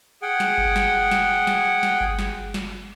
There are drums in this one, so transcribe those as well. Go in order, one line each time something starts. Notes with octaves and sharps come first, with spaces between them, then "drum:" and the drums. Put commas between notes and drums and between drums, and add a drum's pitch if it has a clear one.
G#4 F#5 G5
drum: snare
drum: kick G1
drum: snare
drum: snare
drum: snare
drum: snare
drum: kick G1
drum: snare
drum: snare